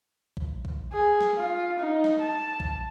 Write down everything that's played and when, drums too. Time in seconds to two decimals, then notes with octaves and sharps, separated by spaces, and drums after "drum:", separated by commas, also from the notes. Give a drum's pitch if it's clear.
0.37 drum: kick B1
0.65 drum: kick B1
0.93 G#4
1.21 drum: snare
1.38 F4
1.79 D#4
2.04 drum: snare
2.22 A5
2.60 drum: kick B1